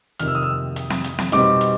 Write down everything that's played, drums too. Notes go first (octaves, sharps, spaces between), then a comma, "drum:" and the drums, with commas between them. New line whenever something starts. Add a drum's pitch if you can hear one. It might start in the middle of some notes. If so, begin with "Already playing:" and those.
F2 C3 D#3 F6, drum: hi-hat
E6
D#6
E6
drum: hi-hat
drum: snare
drum: hi-hat
drum: snare
B2 G3 C4 D#4 D6, drum: hi-hat
drum: hi-hat